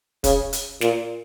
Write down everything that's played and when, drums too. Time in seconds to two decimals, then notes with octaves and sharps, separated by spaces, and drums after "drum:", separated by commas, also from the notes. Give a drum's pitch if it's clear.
0.24 C#3, drum: kick, hi-hat
0.53 drum: hi-hat
0.81 A#2, drum: snare